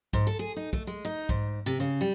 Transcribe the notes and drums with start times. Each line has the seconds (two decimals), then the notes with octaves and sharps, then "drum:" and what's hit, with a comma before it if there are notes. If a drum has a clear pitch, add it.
0.13 G#2, drum: kick B1
0.27 A4
0.39 G#4
0.56 D#4
0.73 A3, drum: kick B1
0.87 G#3
1.05 D#4
1.29 G#2, drum: kick B1
1.66 C3
1.80 C#3
2.01 G3